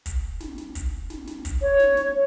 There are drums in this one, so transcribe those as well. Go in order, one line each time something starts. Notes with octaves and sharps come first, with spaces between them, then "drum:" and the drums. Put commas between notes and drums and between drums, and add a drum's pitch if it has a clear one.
drum: kick, hi-hat
drum: snare
drum: snare
drum: kick, hi-hat
drum: snare
drum: snare
drum: kick, hi-hat
C#5
drum: snare
drum: snare